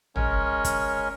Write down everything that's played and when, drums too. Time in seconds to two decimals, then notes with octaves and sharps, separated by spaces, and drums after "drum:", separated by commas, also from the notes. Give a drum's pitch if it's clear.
0.16 G#3 C#4 A#4 C#5, drum: tom
0.65 drum: kick, hi-hat